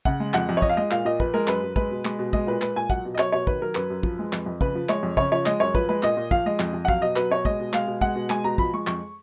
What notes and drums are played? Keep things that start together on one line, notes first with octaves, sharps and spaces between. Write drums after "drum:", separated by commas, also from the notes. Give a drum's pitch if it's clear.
C#3 F#5, drum: kick
G#3
F2 F#5, drum: clap
F2
C#5
F3 D#5, drum: kick
F5
G#3 D#5
A#2 F5, drum: clap
A#2 D#5
F3 B4, drum: kick
G#3 A#4
F#2 B4, drum: clap
F#2
G#3 B4, drum: kick
B2
G#3, drum: clap
B2
G#3 D#5, drum: kick
A#2 B4
G#3 B4, drum: clap
A#2 G#5
F#3 F#5, drum: kick
B2
D#5
F#3 C#5, drum: clap
B2 C#5
D#3 B4, drum: kick
F#3 A#4
F#2 B4, drum: clap
F#2
F3, drum: kick
G#3
F2, drum: clap
F2
C#3 B4, drum: kick
F3
G#3 C#5, drum: clap
F2
C#3 C#5, drum: kick
F3 C#5
G#3 D#5, drum: clap
F#2 C#5
F3 B4, drum: kick
G#3 B4
A#2 D#5, drum: clap
A#2
F3 F5, drum: kick
G#3 D#5
F2, drum: clap
F2
F#5
F#3 F5, drum: kick
B2 D#5
F#3 B4, drum: clap
B2 C#5
G#3 D#5, drum: kick
B2
G#3 F5, drum: clap
B2
G#3 F#5, drum: kick
B2
G#3 G#5, drum: clap
B2 A#5
F3 B5, drum: kick
G#3 C#6
F2 C#6, drum: clap